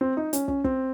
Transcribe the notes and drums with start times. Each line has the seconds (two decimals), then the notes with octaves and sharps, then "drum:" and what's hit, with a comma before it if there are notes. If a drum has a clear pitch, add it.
0.01 C4
0.17 D#4
0.33 C#4, drum: hi-hat
0.48 C#4, drum: kick
0.64 C4, drum: kick